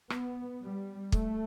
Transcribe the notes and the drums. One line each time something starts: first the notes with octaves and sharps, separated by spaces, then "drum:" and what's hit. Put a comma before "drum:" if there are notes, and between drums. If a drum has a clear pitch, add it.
B3, drum: rim click
G3
A3, drum: kick